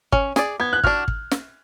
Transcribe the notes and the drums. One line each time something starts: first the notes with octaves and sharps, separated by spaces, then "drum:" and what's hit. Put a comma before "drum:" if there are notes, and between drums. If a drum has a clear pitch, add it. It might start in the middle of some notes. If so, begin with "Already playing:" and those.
C#4, drum: kick
G#4 D5, drum: snare
B3 G#6
F#6
D4 F#4 F6, drum: kick
drum: kick
drum: snare